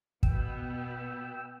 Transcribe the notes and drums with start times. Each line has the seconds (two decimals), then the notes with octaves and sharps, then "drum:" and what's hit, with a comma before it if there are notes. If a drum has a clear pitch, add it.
0.23 B2 B3 G5 E6, drum: kick